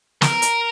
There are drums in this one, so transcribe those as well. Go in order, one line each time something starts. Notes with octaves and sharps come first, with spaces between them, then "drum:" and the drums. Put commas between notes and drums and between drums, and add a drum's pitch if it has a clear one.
A#4, drum: snare
drum: hi-hat